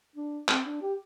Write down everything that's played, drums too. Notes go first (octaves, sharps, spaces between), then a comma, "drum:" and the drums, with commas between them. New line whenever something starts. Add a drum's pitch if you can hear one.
D4
C4, drum: clap
D4
G4